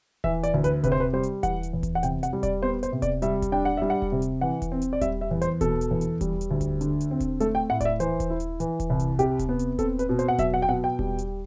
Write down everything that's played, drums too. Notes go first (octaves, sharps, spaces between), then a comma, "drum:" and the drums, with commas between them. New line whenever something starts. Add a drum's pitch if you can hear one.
E3 E5, drum: kick D#1
D5, drum: hi-hat
D2
B4, drum: hi-hat
C3 B4, drum: kick D#1, hi-hat
C5
B4
G3 C5
drum: hi-hat
E3 F#5, drum: kick D#1, hi-hat
drum: hi-hat
E2
drum: kick D#1, hi-hat
F#5
C3 G5, drum: hi-hat
F#5, drum: hi-hat
G3
D5, drum: kick D#1, hi-hat
B3 C5
C5, drum: hi-hat
C3
D5, drum: kick D#1, hi-hat
G3 E5, drum: hi-hat
drum: kick D#1, hi-hat
D4 G5
F#5
G3 E5
F#5
drum: kick D#1
C3
drum: hi-hat
E3 F#5
drum: kick D#1, hi-hat
C4
drum: hi-hat
D5
G3 E5, drum: kick D#1, hi-hat
E5
E2
C5, drum: hi-hat
B2 A4, drum: kick D#1, hi-hat
drum: hi-hat
E2
drum: hi-hat
G3, drum: kick D#1, hi-hat
drum: hi-hat
D2
drum: kick D#1, hi-hat
D3, drum: hi-hat
drum: hi-hat
C4
drum: kick D#1, hi-hat
A3 A4, drum: hi-hat
G5
A2 F#5
D5, drum: kick D#1, hi-hat
E5
E3 C5, drum: hi-hat
drum: kick D#1, hi-hat
E4
drum: hi-hat
E3, drum: hi-hat
drum: kick D#1, hi-hat
C2
drum: hi-hat
C3 G4, drum: hi-hat
drum: kick D#1, hi-hat
B3
drum: hi-hat
C4 A4, drum: kick D#1, hi-hat
B4, drum: hi-hat
B2
C5, drum: hi-hat
F#5
F#3 E5, drum: kick D#1, hi-hat
F#5
G5
B2 F#5
G5
G3, drum: kick D#1
drum: hi-hat